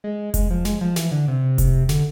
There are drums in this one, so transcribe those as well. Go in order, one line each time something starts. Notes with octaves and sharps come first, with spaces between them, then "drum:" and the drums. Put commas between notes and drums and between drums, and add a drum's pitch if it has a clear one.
G#3
G#3, drum: kick F1, hi-hat
F3
G#3, drum: snare
F3
E3, drum: snare
D3
C3
drum: kick F1, hi-hat
D3, drum: snare